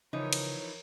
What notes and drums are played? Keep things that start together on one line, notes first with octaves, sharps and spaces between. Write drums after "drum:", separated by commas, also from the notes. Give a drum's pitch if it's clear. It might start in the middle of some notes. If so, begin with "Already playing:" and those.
C#3 E3 F3 D#4 E4 A#4 B4 C#5
drum: cymbal